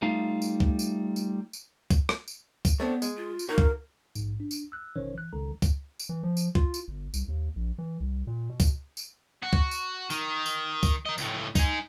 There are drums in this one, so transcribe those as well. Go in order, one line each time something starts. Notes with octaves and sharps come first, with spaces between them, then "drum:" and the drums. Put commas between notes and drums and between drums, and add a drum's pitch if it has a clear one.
G3 A3 D#4 F4 F5
drum: tambourine
drum: kick C#2
drum: tambourine
drum: tambourine
drum: tambourine
drum: kick C#2, tambourine
drum: rim click
drum: tambourine
drum: kick C#2, tambourine
A3 B3 C4 D4
G#3, drum: tambourine
F4
drum: tambourine
D#4 F#4 A#4
drum: kick C#2
A#1 G#2, drum: tambourine
D4
drum: tambourine
E6 F#6
G#1 B2 D#3 C#4 C5 C#5
E3 F#6
C#2 D#3 A4 A#5
drum: kick C#2, tambourine
drum: tambourine
E3
F3
drum: tambourine
F4, drum: kick C#2
drum: tambourine
G1
C2, drum: tambourine
D#2
A#1
E3
C2
A#2
B2
drum: kick C#2, tambourine
drum: tambourine
F#4
drum: kick C#2
drum: tambourine
D#3, drum: tambourine
drum: tambourine
drum: kick C#2, tambourine
A#4 D#5
C#2 A2, drum: tambourine
D#4 G#4, drum: kick C#2, tambourine